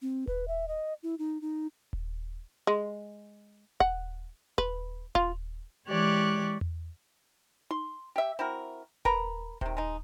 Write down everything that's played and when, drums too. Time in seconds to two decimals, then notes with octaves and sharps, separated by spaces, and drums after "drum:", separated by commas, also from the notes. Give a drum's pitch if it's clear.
0.02 C4
0.27 B4, drum: kick D#1
0.48 E5
0.68 D#5
1.03 E4
1.19 D#4
1.42 D#4
1.93 drum: kick D#1
2.67 G#3
3.80 F#5, drum: kick D#1
4.58 B4, drum: kick D#1
5.15 F4, drum: kick D#1
5.87 E3 G#3 G4 C#5 D5 F#6
6.61 drum: tom E2
7.71 C6, drum: tom D#4
8.16 G4 E5
8.39 C4 E4 F#4 A#4
9.05 A#4 B4 A#5 B5, drum: kick D#1
9.61 C3 D#3, drum: kick D#1
9.77 G#3 D#4